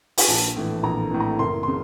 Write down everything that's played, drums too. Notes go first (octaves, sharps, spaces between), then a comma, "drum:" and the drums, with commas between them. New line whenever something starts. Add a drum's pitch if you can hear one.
G#5, drum: open hi-hat
A#1 A5
A2 E3
A#1 A#5
A2 E3
A#5
F#1 C6
C#3 C6